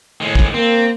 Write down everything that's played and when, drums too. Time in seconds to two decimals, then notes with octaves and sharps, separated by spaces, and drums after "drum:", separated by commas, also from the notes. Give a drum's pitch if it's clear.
0.21 A2 D#3 G#3
0.35 drum: kick
0.54 A#3 C4